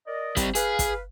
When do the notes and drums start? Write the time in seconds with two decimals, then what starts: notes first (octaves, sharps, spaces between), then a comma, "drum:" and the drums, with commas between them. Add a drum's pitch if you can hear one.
0.07 A#4 D5 D#5
0.37 G3 C4, drum: kick, hi-hat
0.55 G#4 B4 F5, drum: hi-hat
0.79 drum: kick, hi-hat